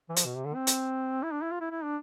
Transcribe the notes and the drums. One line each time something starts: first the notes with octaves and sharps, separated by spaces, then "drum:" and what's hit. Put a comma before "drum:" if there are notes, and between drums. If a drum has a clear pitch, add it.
E3
F3, drum: hi-hat
B2
C3
D3
C4
drum: hi-hat
E4
D4
E4
F4
E4
E4
D4